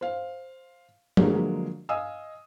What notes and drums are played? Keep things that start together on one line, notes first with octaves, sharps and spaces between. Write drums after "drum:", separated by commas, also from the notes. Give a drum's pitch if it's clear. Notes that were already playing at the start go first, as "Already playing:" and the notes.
C5 F5
D3 F3 F#3 G#3 A#3, drum: tom F3
D#5 F5 G#5 D#6 E6